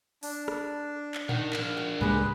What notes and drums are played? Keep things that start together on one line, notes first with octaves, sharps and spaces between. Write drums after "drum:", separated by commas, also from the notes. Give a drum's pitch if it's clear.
D4, drum: open hi-hat
drum: rim click
drum: clap
D#4 A#4 F#5, drum: tom A2
D4 A#4, drum: clap
F#4
C#2 A2 G#3 A#3 G4 B4